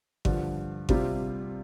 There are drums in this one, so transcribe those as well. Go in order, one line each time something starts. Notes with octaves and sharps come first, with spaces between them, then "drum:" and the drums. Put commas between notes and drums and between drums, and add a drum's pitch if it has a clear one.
G2 D3 F3, drum: kick G#1
C3 G3 C4 F4, drum: kick G#1